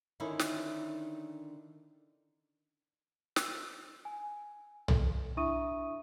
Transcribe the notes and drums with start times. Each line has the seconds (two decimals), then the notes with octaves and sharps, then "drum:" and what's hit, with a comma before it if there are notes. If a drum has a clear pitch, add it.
0.20 D3 D#3 C#4 D#4 E4
0.39 drum: snare
3.36 E6, drum: snare
4.05 G#5
4.88 A4, drum: tom
5.37 D4 E4 E5 C#6 D#6 D#7